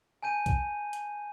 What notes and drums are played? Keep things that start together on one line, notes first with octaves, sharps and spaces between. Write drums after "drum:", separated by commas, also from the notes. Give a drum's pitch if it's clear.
G#5 A5 G6 D#7
drum: kick, hi-hat
drum: hi-hat